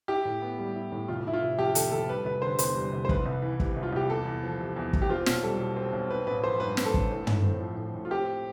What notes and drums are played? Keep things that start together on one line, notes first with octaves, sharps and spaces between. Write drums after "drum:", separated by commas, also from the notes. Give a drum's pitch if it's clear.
E4 G4
A2
B3
G3
E4
A2
F1 F4
F1 E4
F4
C3
F2 G4
F1 A4, drum: hi-hat
F1 A4
G3 B4
F1 B4
D3 C5
E2 C5, drum: hi-hat
G3
F1
C5
C2 B4, drum: kick
C2
E3
C3, drum: kick
C2
F4
C2 G4
E2 A4
E2
F3
C3
E2
E2, drum: kick
G4
C4 F4
B1 F4, drum: snare
G3 A4
B2
C4
B1
C4 B4
A1 B4
F3 C5
G2 B4
C4, drum: snare
A4
A1, drum: kick
A2
A2, drum: tom
C4
F3
A2
A2
F4
C4 G4